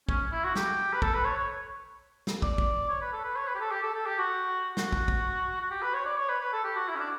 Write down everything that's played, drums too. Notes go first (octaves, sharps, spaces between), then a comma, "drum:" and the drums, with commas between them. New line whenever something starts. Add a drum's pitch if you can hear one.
C#4, drum: kick
E4
F#4
G4, drum: snare
B4
A4, drum: kick
B4
C#5
C#5
drum: snare
D5, drum: kick
drum: kick
C#5
B4
A4
B4
C#5
B4
G4
A4
G4
A4
A4
G4
F#4
F#4, drum: snare
drum: kick
drum: kick
F#4
G4
B4
C#5
D5
C#5
B4
B4
A4
G4
F#4
E4
C#4
D4